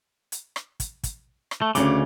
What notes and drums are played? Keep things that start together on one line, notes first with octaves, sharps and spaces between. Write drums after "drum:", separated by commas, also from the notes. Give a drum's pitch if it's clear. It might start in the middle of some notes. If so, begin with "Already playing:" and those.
drum: hi-hat
drum: rim click
drum: kick, hi-hat
drum: kick, hi-hat
drum: rim click
A3
D2 A2 C#3 C#4 D6, drum: hi-hat